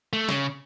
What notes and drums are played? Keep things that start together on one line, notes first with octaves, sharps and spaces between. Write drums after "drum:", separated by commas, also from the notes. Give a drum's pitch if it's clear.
A3
C#3, drum: snare